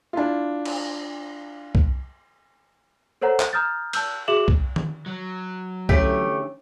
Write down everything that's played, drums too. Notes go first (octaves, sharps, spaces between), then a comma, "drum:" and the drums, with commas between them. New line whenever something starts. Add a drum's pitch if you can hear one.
D4 E4 F4
drum: cymbal
drum: kick C2
A4 A#4 C5 C#5 F#5 A#5
drum: clap
A#5 D#6 F6 G6 A6
A5 E6 G6, drum: cymbal
F#4 G#4 E5 D6 E7 F#7
drum: kick C2
drum: tom D#3
F#3
D3 E3 A3 C#4 G4, drum: kick C2